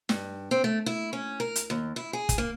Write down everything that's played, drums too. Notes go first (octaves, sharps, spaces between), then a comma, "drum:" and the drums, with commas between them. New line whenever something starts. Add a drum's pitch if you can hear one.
G2, drum: snare
C4
A3
E4
C#4
A#4
drum: hi-hat
D#2
E4
G#4
drum: kick, hi-hat
A#3